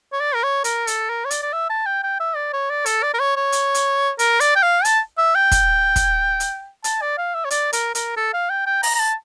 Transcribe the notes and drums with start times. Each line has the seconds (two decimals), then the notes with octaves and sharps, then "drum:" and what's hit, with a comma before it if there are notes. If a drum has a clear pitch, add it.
0.12 C#5
0.21 D5
0.34 A#4
0.43 C#5
0.64 A#4, drum: hi-hat
0.87 A4, drum: hi-hat
1.10 A#4
1.25 C#5
1.31 D5, drum: hi-hat
1.43 D5
1.53 E5
1.70 A5
1.86 G5
2.03 G5
2.20 E5
2.36 D5
2.53 C#5
2.70 D5
2.86 A4, drum: hi-hat
3.03 D5
3.14 A#4
3.19 C#5
3.36 C#5
3.52 drum: hi-hat
3.74 drum: hi-hat
4.19 A#4, drum: hi-hat
4.40 D5, drum: hi-hat
4.55 G5
4.63 F5
4.85 A5, drum: hi-hat
5.18 E5
5.35 G5
5.51 drum: kick, hi-hat
5.96 drum: kick, hi-hat
6.40 drum: hi-hat
6.84 A5, drum: hi-hat
7.01 D5
7.17 F5
7.34 E5
7.45 C#5
7.50 D5, drum: hi-hat
7.73 A#4, drum: hi-hat
7.95 A#4, drum: hi-hat
8.17 A4
8.33 F5
8.50 G5
8.66 G5
8.83 A#5, drum: open hi-hat
8.95 A#5
8.99 A5